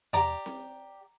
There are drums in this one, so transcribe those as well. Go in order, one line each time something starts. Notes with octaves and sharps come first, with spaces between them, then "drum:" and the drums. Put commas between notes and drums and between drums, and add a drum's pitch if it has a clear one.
G4 D5 A#5 D6, drum: tom E2
drum: snare C4